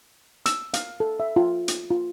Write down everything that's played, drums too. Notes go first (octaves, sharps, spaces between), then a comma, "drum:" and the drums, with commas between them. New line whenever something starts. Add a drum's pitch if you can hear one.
E6, drum: hi-hat
F5, drum: hi-hat
A4
E5
F4
drum: hi-hat
F4